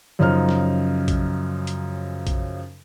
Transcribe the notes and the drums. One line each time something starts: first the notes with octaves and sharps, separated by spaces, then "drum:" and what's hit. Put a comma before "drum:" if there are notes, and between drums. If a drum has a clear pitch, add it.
F#2 C#3 F3 D#4 C5 F6
drum: snare
drum: kick A#1, hi-hat
drum: hi-hat
drum: kick A#1, hi-hat